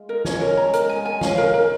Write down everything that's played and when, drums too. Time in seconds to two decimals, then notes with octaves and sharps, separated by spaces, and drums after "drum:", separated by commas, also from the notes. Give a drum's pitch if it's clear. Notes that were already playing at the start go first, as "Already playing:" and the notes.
Already playing: G#3 F4
0.09 D#4 A#4
0.25 C#4 C#5, drum: snare
0.41 A#4
0.57 G#3 A#5
0.73 F4 A#4, drum: hi-hat
0.89 D#4 G#5
1.01 F#3 G#3 G#5
1.21 F3 F5, drum: snare
1.37 D#3 A#4
1.54 C#3 A#4